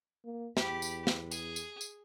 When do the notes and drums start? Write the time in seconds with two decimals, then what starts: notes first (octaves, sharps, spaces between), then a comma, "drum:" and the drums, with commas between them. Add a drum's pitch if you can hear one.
0.25 A#3
0.57 E2 G4 B5, drum: snare
0.82 drum: tambourine
1.07 drum: snare
1.31 G#4, drum: tambourine
1.56 drum: tambourine
1.81 drum: tambourine